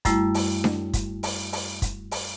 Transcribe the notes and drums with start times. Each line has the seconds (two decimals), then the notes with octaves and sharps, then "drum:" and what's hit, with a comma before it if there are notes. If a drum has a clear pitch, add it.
0.05 F#2 G3 A3 E4, drum: kick, hi-hat
0.34 drum: open hi-hat
0.64 drum: snare D4
0.93 drum: kick, hi-hat
1.23 drum: open hi-hat
1.52 drum: open hi-hat
1.82 drum: kick, hi-hat
2.11 drum: open hi-hat